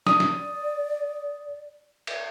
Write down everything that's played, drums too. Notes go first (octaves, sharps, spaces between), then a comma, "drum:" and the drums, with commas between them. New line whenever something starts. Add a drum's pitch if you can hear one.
D5 D#6, drum: snare
drum: snare
drum: cymbal